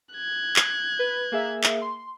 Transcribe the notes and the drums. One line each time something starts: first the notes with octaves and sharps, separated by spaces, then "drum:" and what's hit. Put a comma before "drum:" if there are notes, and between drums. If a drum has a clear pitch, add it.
F#6 G#6
drum: clap
B4
A#3 G#4 E5
drum: clap
C6